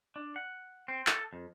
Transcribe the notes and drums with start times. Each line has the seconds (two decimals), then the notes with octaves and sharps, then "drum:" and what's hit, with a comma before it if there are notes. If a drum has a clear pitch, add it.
0.16 D4
0.36 F#5
0.88 C4
1.07 A4, drum: clap
1.33 F2